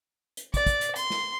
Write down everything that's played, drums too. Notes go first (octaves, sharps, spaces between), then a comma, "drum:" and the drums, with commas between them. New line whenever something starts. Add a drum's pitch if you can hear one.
drum: hi-hat
D5, drum: kick, hi-hat
drum: kick, hi-hat
drum: hi-hat
C6, drum: hi-hat
drum: snare